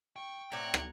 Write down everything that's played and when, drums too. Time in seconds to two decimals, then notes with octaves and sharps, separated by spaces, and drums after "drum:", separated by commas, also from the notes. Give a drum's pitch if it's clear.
0.16 G5 C#6
0.52 A2 C4 D5 F#5 A#5 G#6
0.74 drum: rim click